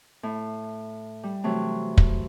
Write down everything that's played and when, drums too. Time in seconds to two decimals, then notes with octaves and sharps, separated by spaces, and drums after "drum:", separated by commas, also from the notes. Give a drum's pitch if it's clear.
0.23 A2
1.23 G3
1.44 C3 E3 F#3 A3
1.98 drum: kick